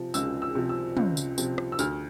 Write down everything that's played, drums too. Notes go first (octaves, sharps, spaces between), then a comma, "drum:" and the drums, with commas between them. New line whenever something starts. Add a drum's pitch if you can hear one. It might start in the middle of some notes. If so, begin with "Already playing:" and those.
Already playing: C3 F3
C#2 E6, drum: tambourine
E6
C3 F3
E6
C#2, drum: tom
drum: tambourine
C3 F3, drum: tambourine
drum: rim click
E6
D2 F6, drum: tambourine